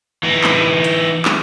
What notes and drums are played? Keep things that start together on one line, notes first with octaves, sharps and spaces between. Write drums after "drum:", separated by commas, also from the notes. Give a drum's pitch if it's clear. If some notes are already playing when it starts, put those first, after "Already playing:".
E3 D#4
drum: clap
drum: hi-hat
drum: clap